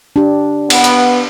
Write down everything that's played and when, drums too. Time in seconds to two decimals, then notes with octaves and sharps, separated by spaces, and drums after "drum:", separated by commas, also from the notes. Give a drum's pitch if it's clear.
0.16 D4 G4
0.70 B3, drum: cymbal
0.84 drum: hi-hat